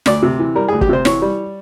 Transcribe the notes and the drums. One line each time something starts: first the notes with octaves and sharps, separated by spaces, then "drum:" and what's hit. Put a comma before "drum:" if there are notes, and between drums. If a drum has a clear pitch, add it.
D2 D5, drum: snare
C3
E3
G3 A#4
G#4
D2
G4, drum: kick F#1
C3 C5
E3 C#5, drum: snare
G3